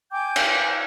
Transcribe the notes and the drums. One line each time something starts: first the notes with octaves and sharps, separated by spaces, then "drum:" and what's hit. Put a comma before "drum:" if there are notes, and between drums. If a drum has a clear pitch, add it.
G5 G#5 D6 G6
drum: cymbal